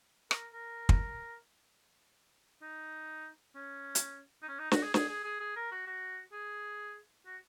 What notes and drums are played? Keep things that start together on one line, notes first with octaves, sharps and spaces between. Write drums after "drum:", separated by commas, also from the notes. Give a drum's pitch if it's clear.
A#4, drum: rim click
A#4
drum: kick
D#4
C#4
drum: hi-hat
D#4
C#4
D#4
F#4, drum: snare
G#4
G#4, drum: snare
G#4
G#4
G#4
A#4
F#4
F#4
G#4
F#4